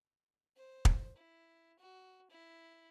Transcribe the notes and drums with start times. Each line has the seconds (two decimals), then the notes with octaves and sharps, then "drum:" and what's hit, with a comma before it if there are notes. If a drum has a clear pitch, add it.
0.57 C5
0.85 drum: kick
1.16 E4
1.79 F#4
2.31 E4